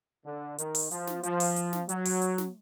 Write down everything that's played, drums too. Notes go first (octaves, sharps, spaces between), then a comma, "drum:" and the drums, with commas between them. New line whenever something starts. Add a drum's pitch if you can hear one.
D3
D#3, drum: hi-hat
drum: open hi-hat
F3, drum: hi-hat
drum: snare
F3, drum: hi-hat
drum: open hi-hat
drum: hi-hat
drum: snare
F#3, drum: hi-hat
drum: open hi-hat
drum: hi-hat
drum: snare